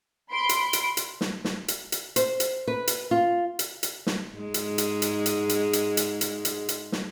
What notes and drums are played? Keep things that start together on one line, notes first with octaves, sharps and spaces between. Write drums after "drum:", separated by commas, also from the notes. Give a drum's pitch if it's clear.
B5 C6 D7
drum: hi-hat
drum: hi-hat
drum: hi-hat
drum: snare
drum: snare
drum: hi-hat
drum: hi-hat
C5, drum: hi-hat
drum: hi-hat
B4
drum: hi-hat
F4
drum: hi-hat
drum: hi-hat
drum: snare
G#2 G#3
drum: hi-hat
drum: hi-hat
drum: hi-hat
drum: hi-hat
drum: hi-hat
drum: hi-hat
drum: hi-hat
drum: hi-hat
drum: hi-hat
drum: hi-hat
drum: snare